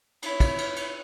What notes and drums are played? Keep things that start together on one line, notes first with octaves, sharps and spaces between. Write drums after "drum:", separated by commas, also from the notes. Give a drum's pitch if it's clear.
E4 C#5, drum: cymbal
drum: kick, cymbal
drum: cymbal
drum: cymbal